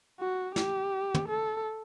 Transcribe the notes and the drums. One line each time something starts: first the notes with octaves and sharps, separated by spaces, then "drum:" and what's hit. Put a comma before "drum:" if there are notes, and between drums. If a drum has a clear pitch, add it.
F#4
G4, drum: snare
drum: tom
A4